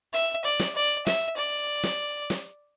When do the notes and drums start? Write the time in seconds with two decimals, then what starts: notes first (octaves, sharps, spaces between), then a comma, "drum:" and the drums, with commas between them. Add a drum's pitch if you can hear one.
0.13 E5
0.44 D5
0.60 drum: snare
0.76 D5
1.07 E5, drum: snare
1.37 D5
1.83 drum: snare
2.30 drum: snare